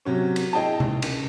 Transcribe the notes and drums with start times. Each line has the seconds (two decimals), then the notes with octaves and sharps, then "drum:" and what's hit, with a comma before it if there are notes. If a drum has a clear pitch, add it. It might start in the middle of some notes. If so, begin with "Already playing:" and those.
0.05 C3 F#3 C#4
0.36 drum: cymbal
0.53 E4 G#4 D#5 G5 A5
0.80 drum: tom C3
1.02 C#2, drum: cymbal